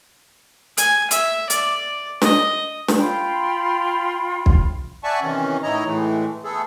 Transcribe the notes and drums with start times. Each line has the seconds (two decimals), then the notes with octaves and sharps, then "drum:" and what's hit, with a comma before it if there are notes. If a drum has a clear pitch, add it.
0.77 G#5, drum: hi-hat
1.11 E5, drum: hi-hat
1.50 D5, drum: hi-hat
2.22 D#5, drum: snare
2.88 drum: snare
2.98 F4 G5 B5 C6
4.46 drum: kick
5.03 D5 E5 F#5 G#5 A5 C#6
5.21 C3 D#3 E3 C#4
5.63 A2 D#4 E4 C#5 D#5 A#5
5.85 A2 E3 G#3 A3
6.44 A3 B3 G#4 A4